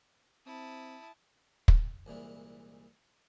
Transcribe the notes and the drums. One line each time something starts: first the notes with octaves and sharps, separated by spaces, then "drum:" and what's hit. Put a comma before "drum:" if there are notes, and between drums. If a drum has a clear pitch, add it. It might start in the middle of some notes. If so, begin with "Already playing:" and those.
C4 E4 A5 D#6
drum: kick
C2 A#2 E3 G#3